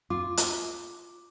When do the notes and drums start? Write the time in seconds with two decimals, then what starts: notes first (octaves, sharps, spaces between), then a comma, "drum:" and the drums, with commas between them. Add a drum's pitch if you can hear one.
0.10 F4 D6
0.37 drum: hi-hat